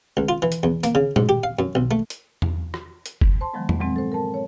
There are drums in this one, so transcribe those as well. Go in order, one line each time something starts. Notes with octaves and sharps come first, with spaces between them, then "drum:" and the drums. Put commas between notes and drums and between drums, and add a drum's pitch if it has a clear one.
C#2
F4
E3
drum: hi-hat
E2
A#3, drum: hi-hat
C#3
G#2, drum: tom A#2
G4
F5
F#2
B1
A3
drum: hi-hat
drum: tom E2
drum: rim click
drum: hi-hat
drum: kick F#1
C5 A5 C6
D#3 F3 F#3 G#3 B3
drum: tom E2
G2 A#2 E3 F#3 G#3 C4
A4 C5
A#4 A5
C#5